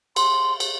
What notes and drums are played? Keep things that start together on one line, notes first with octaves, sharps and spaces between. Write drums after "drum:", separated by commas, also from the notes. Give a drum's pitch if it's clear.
C6, drum: cymbal
drum: cymbal